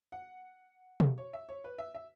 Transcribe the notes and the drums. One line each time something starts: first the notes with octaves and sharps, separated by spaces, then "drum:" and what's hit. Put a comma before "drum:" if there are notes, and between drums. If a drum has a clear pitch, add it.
F#5
drum: tom
C#5
E5
C#5
B4
E5
E5